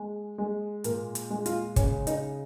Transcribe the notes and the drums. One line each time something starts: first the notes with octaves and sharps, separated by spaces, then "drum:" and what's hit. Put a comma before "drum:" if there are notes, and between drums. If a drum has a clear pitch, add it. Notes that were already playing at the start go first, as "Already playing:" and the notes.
Already playing: G#3
G#3
A#2 A#4, drum: hi-hat
drum: hi-hat
G#3
F4, drum: hi-hat
C#3 C#4, drum: kick, hi-hat
D#4, drum: hi-hat